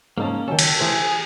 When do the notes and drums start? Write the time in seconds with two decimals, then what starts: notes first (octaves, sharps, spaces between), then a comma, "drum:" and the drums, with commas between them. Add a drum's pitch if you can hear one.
0.18 G#2 A#3 C#4 D#4 A5
0.48 D#3 F#3 C#4 A4 G5
0.59 drum: cymbal
0.80 E3 A3 G#4 C5